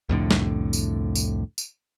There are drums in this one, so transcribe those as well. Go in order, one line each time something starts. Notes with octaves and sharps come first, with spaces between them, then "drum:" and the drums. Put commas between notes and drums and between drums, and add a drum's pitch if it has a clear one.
C2 F2 A2 D3
drum: snare
drum: tambourine
drum: tambourine
drum: tambourine